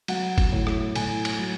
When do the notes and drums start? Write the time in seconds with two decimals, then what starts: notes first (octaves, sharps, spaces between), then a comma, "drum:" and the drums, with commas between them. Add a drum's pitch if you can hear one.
0.08 F#3 F#5, drum: cymbal
0.38 drum: kick F#1, cymbal
0.52 A2
0.67 drum: rim click
0.96 A2 G#5, drum: cymbal
1.25 drum: cymbal
1.39 F#3